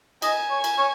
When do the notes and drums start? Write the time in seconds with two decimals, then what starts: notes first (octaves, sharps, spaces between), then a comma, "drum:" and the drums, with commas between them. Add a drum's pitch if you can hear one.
0.22 D#5 G#5, drum: cymbal
0.51 C#5
0.64 drum: cymbal
0.78 C#5